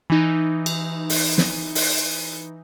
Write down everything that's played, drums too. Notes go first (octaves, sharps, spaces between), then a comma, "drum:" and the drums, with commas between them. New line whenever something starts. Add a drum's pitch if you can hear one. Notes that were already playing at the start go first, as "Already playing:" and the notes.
E3 D#4
drum: cymbal
drum: open hi-hat
drum: snare
drum: open hi-hat